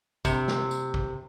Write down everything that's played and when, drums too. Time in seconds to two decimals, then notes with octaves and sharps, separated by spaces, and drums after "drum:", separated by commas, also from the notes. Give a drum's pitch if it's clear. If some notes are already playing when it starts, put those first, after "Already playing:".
0.25 C3, drum: kick, tambourine
0.48 drum: snare
0.71 drum: tambourine
0.94 drum: kick